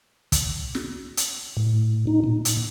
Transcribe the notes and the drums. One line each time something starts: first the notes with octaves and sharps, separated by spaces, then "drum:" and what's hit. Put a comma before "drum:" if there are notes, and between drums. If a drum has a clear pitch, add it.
drum: kick, hi-hat
drum: snare
drum: hi-hat
A2
D#4
A#2
drum: hi-hat